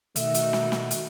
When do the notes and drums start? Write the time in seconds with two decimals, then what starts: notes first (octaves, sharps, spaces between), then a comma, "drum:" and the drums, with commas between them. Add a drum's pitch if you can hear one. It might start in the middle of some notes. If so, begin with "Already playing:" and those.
0.16 B2 D#3 A3 D#4 F#4 E5, drum: hi-hat
0.34 drum: hi-hat
0.53 drum: snare
0.72 drum: snare
0.91 drum: hi-hat